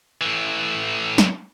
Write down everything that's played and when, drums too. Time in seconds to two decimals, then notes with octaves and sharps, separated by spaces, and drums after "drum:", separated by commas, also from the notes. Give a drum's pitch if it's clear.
0.21 A2 E3
1.18 drum: snare